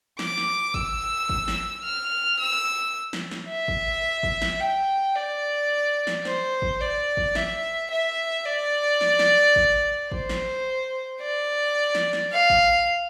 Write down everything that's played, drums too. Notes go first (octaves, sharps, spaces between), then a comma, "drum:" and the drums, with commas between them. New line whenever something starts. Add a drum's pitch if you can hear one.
D6, drum: snare
drum: snare
E6, drum: kick G#1
drum: kick G#1
drum: snare
F6
E6
drum: snare
drum: snare
E5
drum: kick G#1
drum: kick G#1
drum: snare
G5
D5
drum: snare
C5, drum: snare
drum: kick G#1
D5
drum: kick G#1
E5, drum: snare
E5
D5
drum: snare
drum: snare
drum: kick G#1
C5, drum: kick G#1
drum: snare
D5
drum: snare
drum: snare
F5
drum: kick G#1